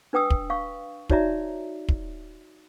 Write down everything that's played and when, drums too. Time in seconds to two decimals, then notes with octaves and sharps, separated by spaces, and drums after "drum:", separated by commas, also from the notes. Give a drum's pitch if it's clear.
0.13 D4 B4 G5 D#6 E6
0.30 drum: kick
0.50 F5 C#6
1.09 D#4 F#4 C#5 D5 E5 A#5, drum: kick
1.89 drum: kick